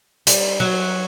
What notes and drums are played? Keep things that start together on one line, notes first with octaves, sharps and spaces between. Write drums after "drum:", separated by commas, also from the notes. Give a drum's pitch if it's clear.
G3, drum: hi-hat
F#3